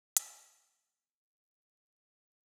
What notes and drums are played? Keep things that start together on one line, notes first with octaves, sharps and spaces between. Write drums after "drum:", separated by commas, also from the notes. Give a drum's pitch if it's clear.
E1 D4 G#4 B6 D7, drum: hi-hat